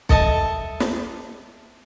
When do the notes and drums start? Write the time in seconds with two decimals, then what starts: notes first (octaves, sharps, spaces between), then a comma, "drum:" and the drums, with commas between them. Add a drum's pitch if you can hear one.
0.09 A4 D#5 E5 A5, drum: kick
0.80 drum: snare